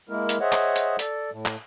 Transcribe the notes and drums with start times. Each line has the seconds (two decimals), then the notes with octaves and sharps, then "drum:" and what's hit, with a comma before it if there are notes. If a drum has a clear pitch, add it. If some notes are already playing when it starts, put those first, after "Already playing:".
0.09 G#3 A#3 E4 A#4
0.29 drum: hi-hat
0.41 G#4 C5 C#5 D#5 E5 F#5
0.52 drum: clap
0.76 drum: hi-hat
0.99 A4 D5, drum: hi-hat
1.31 A2
1.46 drum: clap